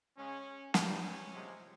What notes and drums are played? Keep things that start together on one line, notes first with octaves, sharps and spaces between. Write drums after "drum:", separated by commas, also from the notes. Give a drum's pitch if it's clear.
C#3 G#3 C#4
G2 G3 A#3 D#4, drum: snare
C#4
C3 F3 G#3